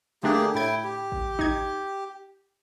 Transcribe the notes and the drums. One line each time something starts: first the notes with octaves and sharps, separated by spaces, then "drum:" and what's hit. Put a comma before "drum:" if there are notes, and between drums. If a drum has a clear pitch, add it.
D3 A3 A#3 D4 G4 G#4
A2 E4 G5 G#6
G4
drum: kick G#1
D#4 G#6, drum: kick G#1